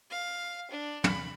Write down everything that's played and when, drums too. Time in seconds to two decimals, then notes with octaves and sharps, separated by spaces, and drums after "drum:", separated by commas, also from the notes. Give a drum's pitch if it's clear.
0.10 F5
0.70 D4
1.04 B5, drum: tom